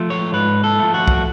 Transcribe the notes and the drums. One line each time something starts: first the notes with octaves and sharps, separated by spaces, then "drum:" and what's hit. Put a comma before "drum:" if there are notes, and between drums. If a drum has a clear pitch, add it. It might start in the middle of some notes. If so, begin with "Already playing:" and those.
Already playing: F3 A3
C#5
G#2 B4
A4
F3 A3
F#4
drum: kick